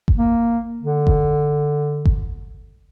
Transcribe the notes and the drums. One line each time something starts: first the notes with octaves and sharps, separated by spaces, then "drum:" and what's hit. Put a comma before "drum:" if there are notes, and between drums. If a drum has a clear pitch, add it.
drum: kick G1
A#3
D3
drum: kick G1
drum: kick G1